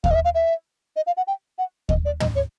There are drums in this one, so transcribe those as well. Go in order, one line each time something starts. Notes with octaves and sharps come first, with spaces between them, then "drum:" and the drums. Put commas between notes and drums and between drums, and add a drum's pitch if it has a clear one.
F5, drum: kick D#2
D#5
E5
F5
E5
D#5
F5
F#5
G5
F#5
D#5, drum: kick D#2
D5
D#5, drum: tom
C#5